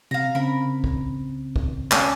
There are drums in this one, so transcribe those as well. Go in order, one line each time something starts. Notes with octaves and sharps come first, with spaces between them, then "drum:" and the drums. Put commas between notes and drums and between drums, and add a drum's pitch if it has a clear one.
C3 F5 A#5
C#3 C4 A#4 B5
drum: kick
drum: kick
C#4 D4 A4, drum: clap